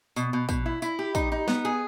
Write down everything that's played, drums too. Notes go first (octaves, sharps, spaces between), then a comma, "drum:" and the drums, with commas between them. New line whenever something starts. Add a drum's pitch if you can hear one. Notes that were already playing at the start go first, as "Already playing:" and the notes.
B2, drum: tambourine
B2
B2, drum: kick, tambourine
E4
E4, drum: tambourine
G4
D#4, drum: kick, tambourine
D#4
B3, drum: snare
G#4